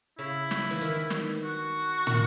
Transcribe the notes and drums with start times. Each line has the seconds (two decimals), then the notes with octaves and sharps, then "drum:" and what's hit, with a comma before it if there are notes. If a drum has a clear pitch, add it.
0.18 C#3 E4
0.51 drum: snare
0.71 E3
0.81 D#3, drum: hi-hat
1.10 drum: snare
1.44 F#4
2.07 D#3, drum: tom